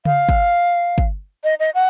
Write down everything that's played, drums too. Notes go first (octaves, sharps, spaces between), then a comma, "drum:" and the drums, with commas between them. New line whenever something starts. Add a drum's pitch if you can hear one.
F5, drum: tom C#3
drum: kick
drum: kick
D#5
D#5
F#5